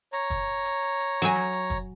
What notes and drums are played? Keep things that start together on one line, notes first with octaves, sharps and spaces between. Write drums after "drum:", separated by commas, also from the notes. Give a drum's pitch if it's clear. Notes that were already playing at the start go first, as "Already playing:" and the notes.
C#5 A#5, drum: hi-hat
drum: kick, hi-hat
drum: hi-hat
drum: hi-hat
drum: hi-hat
F#3 G#5
drum: snare
drum: hi-hat
drum: kick, hi-hat